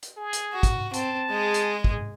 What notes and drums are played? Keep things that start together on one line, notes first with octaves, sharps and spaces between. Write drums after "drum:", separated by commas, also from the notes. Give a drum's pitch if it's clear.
drum: hi-hat
G#4
drum: hi-hat
F#4
drum: kick, hi-hat
C4 A5, drum: hi-hat
G#3 G#4
drum: hi-hat
drum: kick